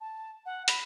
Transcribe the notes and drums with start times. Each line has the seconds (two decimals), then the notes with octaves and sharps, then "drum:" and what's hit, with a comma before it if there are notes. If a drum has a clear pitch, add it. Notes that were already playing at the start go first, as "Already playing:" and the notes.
0.01 A5
0.46 F#5
0.68 B5, drum: hi-hat